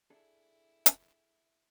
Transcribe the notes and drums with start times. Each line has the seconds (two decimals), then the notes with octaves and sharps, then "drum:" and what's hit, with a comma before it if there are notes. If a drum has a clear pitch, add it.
0.10 D4 E4 G#4 A4
0.86 drum: hi-hat